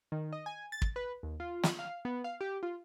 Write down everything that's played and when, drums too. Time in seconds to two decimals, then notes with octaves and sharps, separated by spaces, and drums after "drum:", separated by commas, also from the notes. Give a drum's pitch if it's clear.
0.12 D#3
0.33 D#5
0.46 G#5
0.72 A6
0.82 drum: kick
0.96 B4
1.23 D#2
1.40 F4
1.63 drum: snare
1.79 F5
2.05 B3
2.24 F5
2.41 G4
2.63 F4